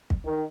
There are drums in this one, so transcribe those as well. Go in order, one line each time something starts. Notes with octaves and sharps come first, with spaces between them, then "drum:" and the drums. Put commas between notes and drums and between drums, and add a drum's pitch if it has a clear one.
drum: kick
D#3